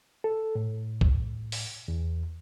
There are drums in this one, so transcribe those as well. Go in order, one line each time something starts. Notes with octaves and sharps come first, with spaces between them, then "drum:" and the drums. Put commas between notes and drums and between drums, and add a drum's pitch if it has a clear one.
A4
A2
drum: kick
drum: open hi-hat
E2